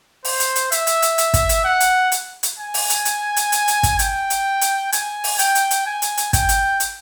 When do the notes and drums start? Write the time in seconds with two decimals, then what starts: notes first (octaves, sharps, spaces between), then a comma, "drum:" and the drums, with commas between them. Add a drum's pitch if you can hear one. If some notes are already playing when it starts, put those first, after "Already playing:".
0.25 C5, drum: open hi-hat
0.40 drum: hi-hat
0.56 drum: hi-hat
0.72 E5, drum: hi-hat
0.87 drum: hi-hat
1.02 drum: hi-hat
1.18 drum: hi-hat
1.34 drum: kick, hi-hat
1.49 drum: hi-hat
1.64 F#5
1.80 drum: hi-hat
2.12 drum: hi-hat
2.43 drum: hi-hat
2.59 G#5
2.74 drum: open hi-hat
2.90 drum: hi-hat
3.05 drum: hi-hat
3.36 drum: hi-hat
3.52 drum: hi-hat
3.68 drum: hi-hat
3.83 drum: kick, hi-hat
3.99 G5, drum: hi-hat
4.30 drum: hi-hat
4.61 drum: hi-hat
4.92 G#5, drum: hi-hat
5.24 drum: open hi-hat
5.39 G5, drum: hi-hat
5.55 drum: hi-hat
5.71 drum: hi-hat
5.87 G#5
6.02 drum: hi-hat
6.17 drum: hi-hat
6.33 G5, drum: kick, hi-hat
6.49 drum: hi-hat
6.80 drum: hi-hat